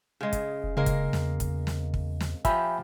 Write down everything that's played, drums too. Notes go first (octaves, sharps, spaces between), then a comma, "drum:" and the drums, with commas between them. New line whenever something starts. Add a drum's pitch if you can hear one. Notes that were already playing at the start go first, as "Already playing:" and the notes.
C#3 G#3
drum: kick, hi-hat
F1
C#3 G#3 A#3 A#4
drum: kick, hi-hat
E2, drum: snare
drum: kick, hi-hat
drum: snare
drum: kick
drum: snare
F3 G4 E5 G#5 B5, drum: kick, hi-hat